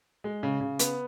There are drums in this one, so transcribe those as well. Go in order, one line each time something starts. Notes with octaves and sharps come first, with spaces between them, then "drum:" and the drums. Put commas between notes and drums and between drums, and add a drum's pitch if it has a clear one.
G#3
C#3
C#3
B3, drum: hi-hat